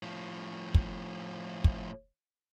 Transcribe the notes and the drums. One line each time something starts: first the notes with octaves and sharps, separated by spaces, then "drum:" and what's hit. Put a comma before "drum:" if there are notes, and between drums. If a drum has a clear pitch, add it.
A2 F3
drum: kick
drum: kick